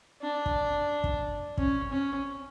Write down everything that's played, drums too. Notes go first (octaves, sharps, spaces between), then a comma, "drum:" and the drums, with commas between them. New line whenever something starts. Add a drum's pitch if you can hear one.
D4
drum: kick
drum: kick
C#4, drum: kick
C#4